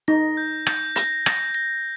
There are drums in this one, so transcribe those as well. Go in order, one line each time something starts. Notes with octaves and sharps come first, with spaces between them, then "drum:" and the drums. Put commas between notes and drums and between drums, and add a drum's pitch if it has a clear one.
D#4 A#6
G6
G6, drum: rim click
A#6, drum: hi-hat
A#6, drum: rim click
A#6